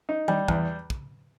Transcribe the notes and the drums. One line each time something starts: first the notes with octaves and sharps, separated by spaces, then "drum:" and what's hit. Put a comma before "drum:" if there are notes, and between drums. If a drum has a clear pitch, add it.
D#4
G3, drum: tom D#3
E2, drum: kick
drum: kick